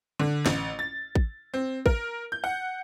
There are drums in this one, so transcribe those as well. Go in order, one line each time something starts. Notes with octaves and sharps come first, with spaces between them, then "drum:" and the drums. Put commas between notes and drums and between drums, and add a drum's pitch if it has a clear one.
D3
A1, drum: snare
A6
drum: kick
C4
A#4, drum: kick
G6
F#5